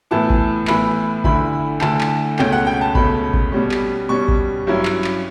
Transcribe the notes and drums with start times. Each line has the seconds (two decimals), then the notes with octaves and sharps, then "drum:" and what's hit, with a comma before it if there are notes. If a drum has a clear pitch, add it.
0.11 A2 E3 B3 E4 A5
0.30 drum: kick A1
0.68 A2 E3 B3 E4 B5, drum: clap
1.24 D2 D3 A3 E4 B5, drum: kick A1
1.81 D2 D3 A3 E4 A5, drum: clap
2.01 drum: clap
2.39 C#2 B2 A3 C#4 G5, drum: clap
2.52 F#5
2.67 G5
2.81 A5
2.95 C#2 B2 A3 C#4 B5, drum: kick A1
3.34 drum: kick A1
3.52 B2 G3 C#4
3.72 drum: clap
4.09 B2 G3 C#4 C#6
4.28 drum: kick A1
4.67 G2 F#3 C#4 E4
4.85 drum: clap
5.04 drum: clap